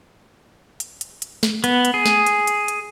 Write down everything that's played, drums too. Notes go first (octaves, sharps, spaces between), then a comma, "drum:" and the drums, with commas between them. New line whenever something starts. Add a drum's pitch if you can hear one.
drum: hi-hat
drum: hi-hat
drum: hi-hat
drum: snare
B3, drum: hi-hat
drum: hi-hat
G#4
drum: snare
drum: hi-hat
drum: hi-hat
drum: hi-hat